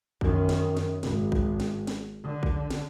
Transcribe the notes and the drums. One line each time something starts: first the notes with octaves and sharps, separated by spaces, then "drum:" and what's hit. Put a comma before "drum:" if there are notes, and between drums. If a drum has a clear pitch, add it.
F#2 D#3, drum: kick
drum: snare
drum: snare
G#1, drum: snare
drum: kick
drum: snare
drum: snare
D3
drum: kick
drum: snare